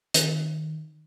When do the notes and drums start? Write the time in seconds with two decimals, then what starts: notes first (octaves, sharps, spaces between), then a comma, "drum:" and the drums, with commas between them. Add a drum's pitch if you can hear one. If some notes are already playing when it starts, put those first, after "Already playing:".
0.14 D#3, drum: hi-hat